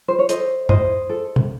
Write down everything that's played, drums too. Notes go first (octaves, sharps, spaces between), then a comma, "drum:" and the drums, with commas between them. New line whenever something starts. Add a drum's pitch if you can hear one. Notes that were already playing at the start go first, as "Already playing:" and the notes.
C5
C#5
A4 C5 D#5, drum: hi-hat
E4 C5 D#5, drum: tom
A4
drum: tom